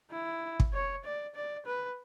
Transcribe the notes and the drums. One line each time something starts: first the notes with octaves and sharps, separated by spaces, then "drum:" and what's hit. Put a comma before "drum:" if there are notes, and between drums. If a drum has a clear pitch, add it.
E4
drum: kick
C#5
D5
D5
B4